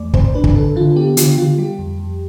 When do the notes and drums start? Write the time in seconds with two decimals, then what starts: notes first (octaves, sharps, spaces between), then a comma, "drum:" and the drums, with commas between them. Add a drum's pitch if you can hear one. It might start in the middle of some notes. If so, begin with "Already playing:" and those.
Already playing: E2 A3 D5
0.14 C4 C5, drum: kick
0.34 D4 B4
0.44 drum: kick
0.56 D3 A4
0.76 D3 F4
0.96 B3 G4
1.17 D3 F4, drum: hi-hat
1.38 D3 F4
1.58 G3 G4
1.79 F2
1.99 F2